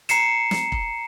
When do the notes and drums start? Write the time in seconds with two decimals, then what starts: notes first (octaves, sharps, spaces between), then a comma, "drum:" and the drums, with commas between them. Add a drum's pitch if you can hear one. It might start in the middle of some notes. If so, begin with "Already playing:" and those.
0.09 A#5 C7 C#7 E7, drum: hi-hat
0.51 drum: snare
0.72 drum: kick